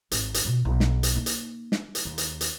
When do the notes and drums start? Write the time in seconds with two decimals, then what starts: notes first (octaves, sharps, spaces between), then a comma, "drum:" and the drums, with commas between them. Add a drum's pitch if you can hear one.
0.11 G#1, drum: hi-hat
0.34 drum: hi-hat
0.45 B2 F4
0.65 B1
0.80 drum: snare
1.03 drum: hi-hat
1.16 A#3 D#4
1.26 drum: hi-hat
1.72 drum: snare
1.95 drum: hi-hat
2.05 D#2
2.18 drum: hi-hat
2.41 drum: hi-hat